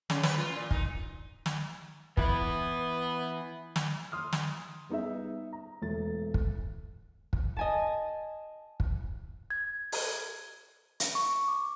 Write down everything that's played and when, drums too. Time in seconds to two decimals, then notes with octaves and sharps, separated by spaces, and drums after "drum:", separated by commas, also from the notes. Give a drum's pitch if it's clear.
0.10 C#3, drum: snare
0.23 B4, drum: snare
0.38 F4
0.56 A#2
0.71 D#4, drum: kick
1.46 drum: snare
2.17 E3 B3 E4, drum: kick
3.76 drum: snare
4.12 C6 D#6 F6
4.32 drum: snare
4.89 G3 B3 D#4 G#4 E5
5.53 A#5
5.82 E1 A3 A6
6.34 drum: kick
7.33 drum: kick
7.57 D#5 G#5 A5
8.80 drum: kick
9.50 G#6
9.92 drum: open hi-hat
11.00 drum: hi-hat
11.15 C#6
11.48 D6